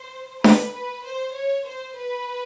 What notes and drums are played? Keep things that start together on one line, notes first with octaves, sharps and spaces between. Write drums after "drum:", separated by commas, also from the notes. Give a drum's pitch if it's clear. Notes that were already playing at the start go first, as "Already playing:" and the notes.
Already playing: C5
B4, drum: snare D4
B4
C5
C#5
C5
B4